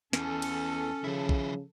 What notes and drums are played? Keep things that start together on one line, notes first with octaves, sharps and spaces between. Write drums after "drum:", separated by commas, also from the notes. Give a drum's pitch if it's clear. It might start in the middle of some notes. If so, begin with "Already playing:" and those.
E2 E3 C#4 A4, drum: snare
drum: cymbal
C#3 F3 E4
drum: kick A#1